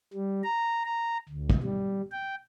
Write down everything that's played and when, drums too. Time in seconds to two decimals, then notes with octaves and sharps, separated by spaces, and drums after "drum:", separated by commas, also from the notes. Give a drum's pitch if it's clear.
0.14 G3
0.44 A#5
0.85 A#5
1.29 D2
1.50 drum: kick
1.64 G3
2.11 G5